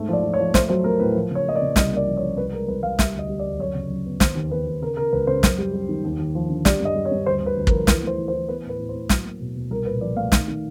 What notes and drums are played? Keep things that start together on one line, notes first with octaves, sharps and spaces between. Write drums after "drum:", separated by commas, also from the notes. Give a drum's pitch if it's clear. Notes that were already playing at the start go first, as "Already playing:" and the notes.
Already playing: G#2 A3
F3 D5
F3
C#5
F3
A3 C5, drum: snare
F#3 C5
A3 A#4
A2 B4
F3
C#3 C#5
A#3 D#5
D5
C#3
C2 D#5, drum: snare
A#3
D5
F3
C#5
F3
C2 B4
G#3 A#4
C2 B4
C2 F5
G3 E5, drum: snare
D2 D#5
G3
D5
D2
F#2 C#5
C#3
F#2
B3
D#2 C5, drum: snare
D#2
D#2 B4
D#2
C#3 A#4
C#3 A#4
C#2 B4
C#3 C5
F#2, drum: snare
G3
G3
D#3
D#2
D#2
F3
D3
G3 D5, drum: snare
G2
D#5
G3
C#5
G2
D2 C5
D2
B4
D2
A#4, drum: kick
F3
E3 B4, drum: snare
A3 C5
E3
C5
E3
B3 B4
A2
B4
A2
C5
A2
F#3, drum: snare
A#3
B2
B2
C2 A#4
A#2 B4
F3 D5
A3 F5
D#3, drum: snare
D#3